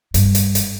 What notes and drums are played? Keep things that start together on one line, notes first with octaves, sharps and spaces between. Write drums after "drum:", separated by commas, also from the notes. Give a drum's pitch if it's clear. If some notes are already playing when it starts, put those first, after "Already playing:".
G2, drum: hi-hat
drum: hi-hat
drum: hi-hat